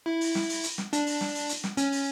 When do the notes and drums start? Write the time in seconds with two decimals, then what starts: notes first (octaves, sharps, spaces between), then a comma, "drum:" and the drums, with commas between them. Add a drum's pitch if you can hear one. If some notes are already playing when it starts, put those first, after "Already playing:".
0.06 E4
0.21 drum: open hi-hat
0.35 drum: snare
0.49 drum: open hi-hat
0.64 drum: hi-hat
0.78 drum: snare
0.93 D4, drum: hi-hat
1.06 drum: open hi-hat
1.21 drum: snare
1.35 drum: open hi-hat
1.49 drum: hi-hat
1.64 drum: snare
1.77 C#4, drum: hi-hat
1.92 drum: open hi-hat